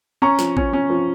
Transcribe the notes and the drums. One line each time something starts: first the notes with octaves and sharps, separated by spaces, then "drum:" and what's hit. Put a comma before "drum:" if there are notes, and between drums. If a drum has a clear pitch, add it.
C#4 A#5 C#6
F3, drum: snare
C#4, drum: kick A1
C#4
F3